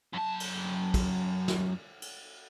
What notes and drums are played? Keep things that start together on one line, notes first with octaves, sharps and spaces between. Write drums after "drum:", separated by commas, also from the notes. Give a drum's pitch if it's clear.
F#2 A5
drum: cymbal
drum: kick, cymbal
drum: snare
drum: cymbal